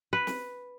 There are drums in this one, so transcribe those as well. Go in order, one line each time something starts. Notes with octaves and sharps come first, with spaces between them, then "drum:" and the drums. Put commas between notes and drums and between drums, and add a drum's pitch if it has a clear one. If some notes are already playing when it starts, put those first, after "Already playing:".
B4
drum: snare